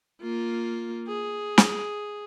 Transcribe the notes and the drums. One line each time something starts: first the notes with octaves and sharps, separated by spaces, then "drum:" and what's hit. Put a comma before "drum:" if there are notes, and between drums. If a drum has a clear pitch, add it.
A#3 F4
G#4
drum: snare